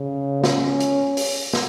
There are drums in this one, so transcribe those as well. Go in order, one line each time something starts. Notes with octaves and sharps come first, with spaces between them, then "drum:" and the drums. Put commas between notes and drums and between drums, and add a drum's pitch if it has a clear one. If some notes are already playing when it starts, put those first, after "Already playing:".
Already playing: C#3
C#4, drum: snare
drum: hi-hat
drum: open hi-hat
drum: snare